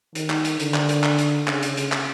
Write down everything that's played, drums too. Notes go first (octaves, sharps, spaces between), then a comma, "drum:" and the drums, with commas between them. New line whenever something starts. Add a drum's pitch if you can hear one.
D#3, drum: hi-hat
drum: clap
drum: hi-hat
D3, drum: hi-hat
drum: clap
drum: hi-hat
drum: clap
drum: hi-hat
C#3, drum: clap
drum: hi-hat
drum: hi-hat
drum: clap